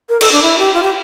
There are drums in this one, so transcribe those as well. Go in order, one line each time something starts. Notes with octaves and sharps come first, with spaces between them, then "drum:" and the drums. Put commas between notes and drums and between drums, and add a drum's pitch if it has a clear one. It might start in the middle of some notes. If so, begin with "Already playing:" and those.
A#4
A4, drum: cymbal
D4
E4
G4
F4
G4